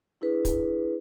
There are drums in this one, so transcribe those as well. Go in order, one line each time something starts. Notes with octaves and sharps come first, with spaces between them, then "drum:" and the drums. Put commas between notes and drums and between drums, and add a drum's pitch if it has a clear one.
D4 E4 G#4 B4
drum: kick, hi-hat